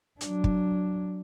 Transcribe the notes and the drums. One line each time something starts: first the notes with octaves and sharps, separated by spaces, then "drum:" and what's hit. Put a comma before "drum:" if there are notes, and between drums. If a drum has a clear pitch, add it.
F#3 D4, drum: hi-hat
drum: kick